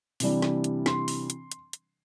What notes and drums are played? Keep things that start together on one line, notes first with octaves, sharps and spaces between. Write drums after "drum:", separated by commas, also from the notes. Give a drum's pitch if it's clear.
C3 E3 G3 D4, drum: open hi-hat
drum: snare
drum: hi-hat
C6, drum: snare
drum: open hi-hat
drum: hi-hat
drum: hi-hat
drum: hi-hat